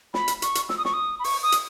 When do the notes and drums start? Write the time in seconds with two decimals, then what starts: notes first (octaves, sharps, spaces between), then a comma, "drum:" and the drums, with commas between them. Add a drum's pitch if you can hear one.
0.14 B5, drum: snare
0.28 drum: hi-hat
0.42 C#6, drum: hi-hat
0.55 drum: hi-hat
0.69 E6, drum: snare
0.78 D#6
0.85 C#6, drum: snare
0.93 D#6
1.19 B5
1.24 C#6, drum: open hi-hat
1.43 D#6
1.52 drum: hi-hat